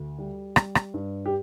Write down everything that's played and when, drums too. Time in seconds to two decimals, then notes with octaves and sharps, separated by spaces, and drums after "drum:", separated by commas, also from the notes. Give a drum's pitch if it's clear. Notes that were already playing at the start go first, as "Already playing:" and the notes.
Already playing: D2
0.18 G3
0.56 G3, drum: rim click
0.75 drum: rim click
0.94 G2
1.26 G4